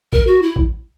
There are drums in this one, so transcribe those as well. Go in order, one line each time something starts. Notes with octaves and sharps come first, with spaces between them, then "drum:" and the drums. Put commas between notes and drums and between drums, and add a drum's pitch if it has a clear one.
A#4, drum: kick A#1
F#4
E4
drum: kick A#1